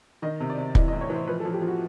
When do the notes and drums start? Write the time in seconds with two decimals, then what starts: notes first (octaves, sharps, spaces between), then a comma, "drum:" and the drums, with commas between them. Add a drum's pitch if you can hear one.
0.22 D#3 D#5
0.40 C3
0.50 D5
0.58 C3
0.75 E3 D#5, drum: kick
0.88 D#5
0.93 A2
1.01 C#5
1.10 E3 C5
1.27 F3 B4
1.40 A4
1.45 F3
1.53 G4
1.62 F3
1.67 F#4